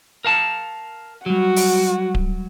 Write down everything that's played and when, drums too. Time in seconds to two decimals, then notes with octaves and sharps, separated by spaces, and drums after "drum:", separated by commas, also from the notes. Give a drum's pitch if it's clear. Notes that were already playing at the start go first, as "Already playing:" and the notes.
0.25 A#4 F5 A5
1.26 F#3 G3 F#4
1.56 drum: open hi-hat
2.15 drum: kick D1